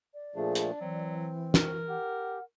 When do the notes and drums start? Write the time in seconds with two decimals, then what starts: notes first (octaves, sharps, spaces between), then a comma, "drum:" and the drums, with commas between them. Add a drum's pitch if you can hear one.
0.14 D5
0.36 A#2 F3 A3 D4 G#4
0.55 drum: hi-hat
0.81 E3 F#3 C4
1.54 F#4 A#4, drum: snare
1.89 G4 F#5